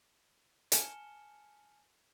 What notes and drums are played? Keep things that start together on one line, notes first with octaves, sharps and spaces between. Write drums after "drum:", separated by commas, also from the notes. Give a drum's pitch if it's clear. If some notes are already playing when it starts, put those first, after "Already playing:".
G#5 A5 F6 C#7 E7 G7, drum: hi-hat